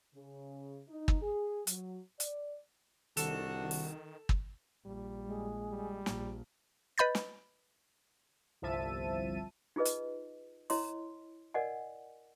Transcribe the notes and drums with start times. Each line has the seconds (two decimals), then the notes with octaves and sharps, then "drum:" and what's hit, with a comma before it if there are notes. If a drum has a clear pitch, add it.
0.15 C#3
0.88 D#4
1.08 drum: kick
1.22 G#4
1.67 F#3, drum: hi-hat
2.20 D5, drum: hi-hat
3.17 C2 D#3 D4 F#4 A4, drum: hi-hat
3.71 drum: open hi-hat
4.29 drum: kick
4.86 A#1 G3
5.26 G#3
5.70 G3
6.06 A#1, drum: snare
6.98 B4 D#5 B5 G6 A6
7.15 drum: snare
8.62 G1 C2 F3 E5 A5 D#7
9.76 D#4 F4 G#4 B4 D#5
9.85 drum: hi-hat
10.70 E4 C#5 D#5 C6, drum: open hi-hat
11.54 A#4 D5 D#5 F#5 G#5